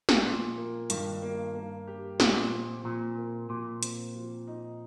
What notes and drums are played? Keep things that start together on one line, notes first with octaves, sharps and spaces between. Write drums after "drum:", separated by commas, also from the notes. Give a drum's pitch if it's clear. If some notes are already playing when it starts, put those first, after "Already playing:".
drum: snare
A#2 F3
A#3
G2 D#3, drum: hi-hat
A#3
A#3
G4
A#2 F3, drum: snare
C4
A#2 F3
A#3
A#2 F3
C4, drum: hi-hat
F3
D#4